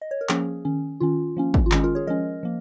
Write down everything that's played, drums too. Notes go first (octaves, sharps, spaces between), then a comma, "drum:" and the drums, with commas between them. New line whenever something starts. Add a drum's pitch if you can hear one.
D#5
C#5
A#4
F3 A#3 C#4 G#4, drum: clap
D#3 C#4
D#3 C#4 F4
F3 A#3 C#4
drum: kick
F4
D#3 G#3 C#4 G#4, drum: clap
F4 A#4
G#4 C#5
F3 G#3 C#4 A#4 D#5
F3 A#3